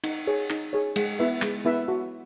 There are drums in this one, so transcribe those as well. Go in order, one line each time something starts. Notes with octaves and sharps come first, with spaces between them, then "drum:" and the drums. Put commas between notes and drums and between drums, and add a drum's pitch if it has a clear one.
D#4, drum: cymbal
G#4 C#5
D#4, drum: clap
G#4 C#5
G#3, drum: cymbal
B3 E4 B4 E5
G#3, drum: clap
B3 E4 B4 E5
F#4